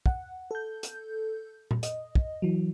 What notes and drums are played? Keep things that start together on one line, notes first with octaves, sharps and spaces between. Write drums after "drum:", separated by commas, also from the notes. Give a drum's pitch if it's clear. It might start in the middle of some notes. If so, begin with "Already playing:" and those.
F#5, drum: kick
A4 G6
drum: hi-hat
drum: tom A#2
D#5, drum: hi-hat
drum: kick
E3 F#3